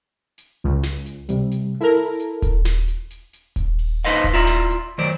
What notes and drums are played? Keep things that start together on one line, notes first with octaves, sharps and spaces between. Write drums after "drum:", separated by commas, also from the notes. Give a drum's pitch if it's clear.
drum: hi-hat
C#2
drum: snare
drum: hi-hat
C3 G3, drum: hi-hat
drum: hi-hat
E4 A4 A#4
drum: open hi-hat
drum: hi-hat
drum: kick D#1, hi-hat
drum: snare
drum: hi-hat
drum: hi-hat
drum: hi-hat
drum: kick D#1, hi-hat
drum: open hi-hat
D#4 B4 C5 D#5 F5
drum: kick D#1, hi-hat
E4 F4 D5 E5 A#5
drum: snare
drum: hi-hat
D#3 F#3 C5 D5